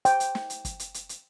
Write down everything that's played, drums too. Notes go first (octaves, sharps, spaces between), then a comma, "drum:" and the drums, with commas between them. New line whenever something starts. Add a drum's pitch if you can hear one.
G5, drum: hi-hat
drum: hi-hat
drum: snare
drum: hi-hat
drum: kick, hi-hat
drum: hi-hat
drum: hi-hat
drum: hi-hat